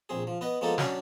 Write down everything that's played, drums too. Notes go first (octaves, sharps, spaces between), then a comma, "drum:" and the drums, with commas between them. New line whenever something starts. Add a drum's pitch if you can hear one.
A#1 C4 G#4
F3
B3 B4 D#5
F3 G#3 A#3 B3 D#4 A4
F#3 C#4 D4, drum: snare